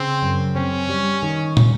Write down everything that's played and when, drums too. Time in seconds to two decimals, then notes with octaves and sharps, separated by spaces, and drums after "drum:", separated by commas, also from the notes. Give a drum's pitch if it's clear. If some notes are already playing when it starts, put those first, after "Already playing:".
Already playing: C#3 C4
0.22 F#2
0.56 C4 C#4
0.89 G3
1.23 D#3
1.57 drum: tom